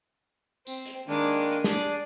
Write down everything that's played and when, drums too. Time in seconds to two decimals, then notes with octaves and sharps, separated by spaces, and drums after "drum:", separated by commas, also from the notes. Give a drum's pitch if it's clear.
0.67 C4, drum: tambourine
0.85 drum: hi-hat
1.08 D#3 G#3 A#3 D4 D6
1.64 D4 G#4 D5, drum: snare